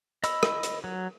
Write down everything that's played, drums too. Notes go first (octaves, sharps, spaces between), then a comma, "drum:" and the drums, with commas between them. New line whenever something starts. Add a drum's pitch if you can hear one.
D#5 B5 E6, drum: hi-hat
drum: rim click
drum: hi-hat
F#3